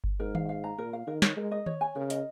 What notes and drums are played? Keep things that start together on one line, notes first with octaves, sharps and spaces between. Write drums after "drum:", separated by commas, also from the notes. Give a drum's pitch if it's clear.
drum: kick G1
G#2 A#4
F5, drum: tom D#3
F5
A#5
A#2 A#4
F5
D#3 A#4
C#5, drum: snare
G#3 A#4
D#5
C#5, drum: tom D#3
G#5
C#3 A#4
D#5, drum: hi-hat